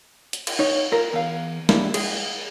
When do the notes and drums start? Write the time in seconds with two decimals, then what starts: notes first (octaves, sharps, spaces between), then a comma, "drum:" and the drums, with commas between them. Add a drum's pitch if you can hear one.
0.33 drum: hi-hat
0.47 drum: cymbal
0.59 D#4 C#5
0.92 F4 A#4
1.13 E2 F5
1.69 F3 G3 G#3 A#3 D4 E4, drum: snare
1.94 G#4, drum: cymbal